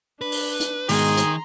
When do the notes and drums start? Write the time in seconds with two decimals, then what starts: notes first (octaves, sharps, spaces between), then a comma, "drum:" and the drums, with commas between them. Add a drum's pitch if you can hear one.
0.21 D4 B4
0.32 drum: open hi-hat
0.60 drum: hi-hat
0.89 G#2 B2 D#3 G#3 G#4 A#5 C6, drum: open hi-hat
1.17 drum: hi-hat